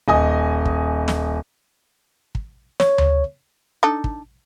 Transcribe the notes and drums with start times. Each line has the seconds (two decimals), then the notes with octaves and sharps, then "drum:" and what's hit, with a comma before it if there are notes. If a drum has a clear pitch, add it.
0.08 D#1 D#5 G#5 D#6
0.65 drum: kick
1.08 drum: snare
2.35 drum: kick
2.80 C#5, drum: snare
2.98 drum: tom D2
3.83 D4 D#4 A4
4.04 drum: kick